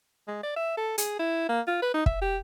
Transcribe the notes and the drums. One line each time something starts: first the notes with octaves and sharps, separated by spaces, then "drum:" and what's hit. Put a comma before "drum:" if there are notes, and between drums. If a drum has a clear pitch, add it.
G#3
D5
E5
A4
G#4, drum: hi-hat
E4
A#3
F4
B4
D#4
E5, drum: kick
G4